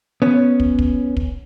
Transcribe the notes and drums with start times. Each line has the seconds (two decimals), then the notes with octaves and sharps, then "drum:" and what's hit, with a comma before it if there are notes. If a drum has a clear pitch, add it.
0.22 B3 C#4
0.60 drum: kick
0.79 drum: kick
1.17 drum: kick